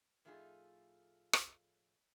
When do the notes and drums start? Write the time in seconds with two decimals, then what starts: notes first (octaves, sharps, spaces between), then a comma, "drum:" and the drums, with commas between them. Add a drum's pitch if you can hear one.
0.25 A2 F3 A3 D#4 F4 G#4
1.33 drum: rim click